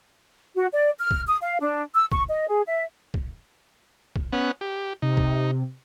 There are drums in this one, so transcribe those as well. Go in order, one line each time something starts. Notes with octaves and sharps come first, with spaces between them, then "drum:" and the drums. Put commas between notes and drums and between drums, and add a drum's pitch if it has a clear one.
F#4
D5
F6
drum: kick
D#6
F5
D4
E6
C#6, drum: kick
D#5
G#4
E5
drum: kick
drum: kick
B3 C#4 F#5
G4
C3 D#4
drum: kick